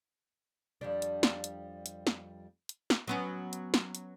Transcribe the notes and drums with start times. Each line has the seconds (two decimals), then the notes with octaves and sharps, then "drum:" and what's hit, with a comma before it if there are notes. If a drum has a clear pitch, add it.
0.81 F2 G3 D4
1.02 drum: hi-hat
1.23 drum: snare
1.44 drum: hi-hat
1.86 drum: hi-hat
2.07 drum: snare
2.69 drum: hi-hat
2.90 drum: snare
3.08 F#3 B3 C#4
3.53 drum: hi-hat
3.74 drum: snare
3.95 drum: hi-hat